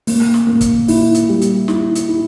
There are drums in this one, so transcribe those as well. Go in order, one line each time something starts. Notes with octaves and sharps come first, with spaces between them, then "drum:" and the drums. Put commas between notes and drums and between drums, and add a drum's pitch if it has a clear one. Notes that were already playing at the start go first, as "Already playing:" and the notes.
A#3, drum: open hi-hat
drum: snare
A#3
drum: kick, hi-hat
E4, drum: open hi-hat
drum: hi-hat
G3
drum: hi-hat
E4, drum: snare
drum: hi-hat
E4